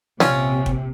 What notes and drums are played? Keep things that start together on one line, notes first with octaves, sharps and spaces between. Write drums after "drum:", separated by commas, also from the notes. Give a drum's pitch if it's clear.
A#1 C3 C#4 F4, drum: snare
drum: kick